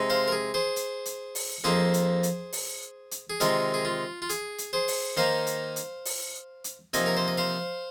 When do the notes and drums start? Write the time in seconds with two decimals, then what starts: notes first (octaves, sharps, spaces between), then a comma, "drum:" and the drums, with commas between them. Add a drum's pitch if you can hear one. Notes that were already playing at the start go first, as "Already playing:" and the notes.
Already playing: C3 G#3 D#4
0.10 C5 F5
0.28 A#4
0.32 G#4
0.54 G#4 C5
0.76 drum: hi-hat
1.05 drum: hi-hat
1.35 drum: open hi-hat
1.64 F2 F3 A#3 D#4 G#4 C5
1.94 drum: hi-hat
2.23 drum: hi-hat
2.53 drum: open hi-hat
3.11 drum: hi-hat
3.30 G#4
3.40 C3 D#3 G#3 D#4 F4 A#4, drum: hi-hat
3.74 G#4
3.85 F4
4.22 F4
4.30 G#4, drum: hi-hat
4.58 drum: hi-hat
4.73 G#4 C5
4.88 drum: open hi-hat
5.17 D#3 A#3 D#4 C5 F5
5.47 drum: hi-hat
5.76 drum: hi-hat
6.05 drum: open hi-hat
6.64 drum: hi-hat
6.94 C3 F3 A#3 D#4 D#5 G#5, drum: hi-hat
7.06 A#4
7.17 C5
7.28 D#5
7.38 C5 F5